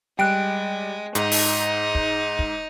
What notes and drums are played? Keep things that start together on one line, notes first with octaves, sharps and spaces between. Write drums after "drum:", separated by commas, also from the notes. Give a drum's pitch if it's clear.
G3 G#3 G5 F#6 D7
G#2 D#4, drum: hi-hat
drum: open hi-hat
drum: kick
drum: kick